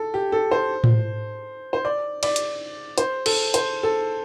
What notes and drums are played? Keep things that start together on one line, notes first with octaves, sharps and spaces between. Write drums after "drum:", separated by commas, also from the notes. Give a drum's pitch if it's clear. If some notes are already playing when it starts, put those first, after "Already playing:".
Already playing: A4
G4
A4
C5
drum: tom A2
C5
D5
D5, drum: cymbal
drum: hi-hat
C5, drum: hi-hat
A4, drum: cymbal
C5, drum: hi-hat
A4